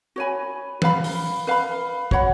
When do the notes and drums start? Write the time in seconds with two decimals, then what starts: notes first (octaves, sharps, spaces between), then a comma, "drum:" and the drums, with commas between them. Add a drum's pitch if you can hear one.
0.16 F#4 C#5 G#5 B5
0.82 B4 F5 B5, drum: tom
1.04 drum: open hi-hat
1.47 B4 F5 B5
2.11 F#4 C#5 F#5 B5, drum: kick